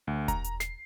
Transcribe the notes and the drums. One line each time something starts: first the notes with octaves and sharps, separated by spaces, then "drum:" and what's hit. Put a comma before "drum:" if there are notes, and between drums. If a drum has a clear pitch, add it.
D2
A#5, drum: kick E1, hi-hat
drum: hi-hat
C7, drum: snare